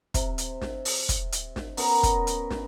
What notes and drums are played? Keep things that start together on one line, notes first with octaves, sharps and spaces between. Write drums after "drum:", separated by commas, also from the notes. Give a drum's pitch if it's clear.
C3, drum: kick, hi-hat
drum: hi-hat
drum: snare
drum: open hi-hat
drum: kick, hi-hat
drum: hi-hat
drum: snare
B3 C#4 F#4 A#4, drum: open hi-hat
drum: kick, hi-hat
drum: hi-hat
drum: snare